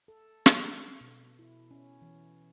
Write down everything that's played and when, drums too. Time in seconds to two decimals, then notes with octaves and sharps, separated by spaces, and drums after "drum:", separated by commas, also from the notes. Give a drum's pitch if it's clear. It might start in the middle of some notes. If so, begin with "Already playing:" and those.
0.08 A4
0.46 drum: snare
1.01 B2
1.39 E4
1.71 C#4
2.02 E3